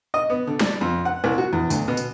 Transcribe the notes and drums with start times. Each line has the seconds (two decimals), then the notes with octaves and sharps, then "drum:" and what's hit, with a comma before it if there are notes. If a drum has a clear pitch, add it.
0.14 D#5
0.30 B3
0.47 D3
0.61 D4, drum: snare
0.81 F2
1.05 F#5
1.24 C2
1.38 F#4
1.53 E2
1.70 D2, drum: tambourine
1.88 B2
1.97 drum: tambourine